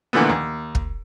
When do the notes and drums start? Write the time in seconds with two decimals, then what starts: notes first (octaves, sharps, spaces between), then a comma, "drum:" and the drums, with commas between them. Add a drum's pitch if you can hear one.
0.13 A#2 D3 E3 F3 A3 B3
0.29 D#2
0.75 drum: kick